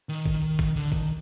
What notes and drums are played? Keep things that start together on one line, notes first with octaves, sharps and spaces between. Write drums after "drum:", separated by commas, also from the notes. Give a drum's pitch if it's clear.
D#3
drum: kick G#1
drum: kick G#1
D3
D#3, drum: kick G#1